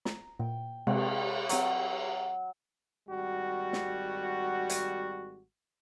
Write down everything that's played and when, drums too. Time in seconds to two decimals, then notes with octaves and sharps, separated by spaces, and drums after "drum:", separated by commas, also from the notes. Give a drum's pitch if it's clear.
0.05 A#5, drum: snare
0.39 A#2 G5
0.87 C3 G#3 C4 G5, drum: cymbal
1.49 F#3 C4 C#6, drum: hi-hat
3.08 G#1 G3 F#4
3.73 drum: snare
4.70 drum: hi-hat